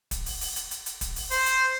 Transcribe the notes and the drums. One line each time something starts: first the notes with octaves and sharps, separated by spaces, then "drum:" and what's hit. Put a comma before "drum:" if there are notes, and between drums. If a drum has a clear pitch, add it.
drum: kick, hi-hat
drum: open hi-hat
drum: open hi-hat
drum: hi-hat
drum: hi-hat
drum: hi-hat
drum: kick, hi-hat
drum: open hi-hat
C5, drum: open hi-hat
drum: hi-hat